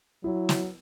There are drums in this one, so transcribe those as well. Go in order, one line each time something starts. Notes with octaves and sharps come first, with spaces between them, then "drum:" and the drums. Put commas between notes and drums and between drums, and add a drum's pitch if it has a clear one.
F#3 E4
drum: snare